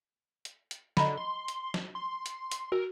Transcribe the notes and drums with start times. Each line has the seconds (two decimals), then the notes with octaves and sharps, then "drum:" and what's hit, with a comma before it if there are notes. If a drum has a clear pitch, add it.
0.45 drum: hi-hat
0.71 drum: hi-hat
0.97 D3 D#5 A#5 B5, drum: snare
1.17 C6
1.48 drum: hi-hat
1.74 drum: snare
1.95 C6
2.26 drum: hi-hat
2.51 drum: hi-hat
2.72 F#4 A#4